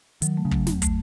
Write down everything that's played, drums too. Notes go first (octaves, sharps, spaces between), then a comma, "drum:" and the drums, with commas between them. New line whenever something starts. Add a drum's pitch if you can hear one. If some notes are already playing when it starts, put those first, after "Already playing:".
D#3 F#3, drum: hi-hat
A3
C#3
F#3, drum: kick
E2, drum: snare
A3, drum: kick, hi-hat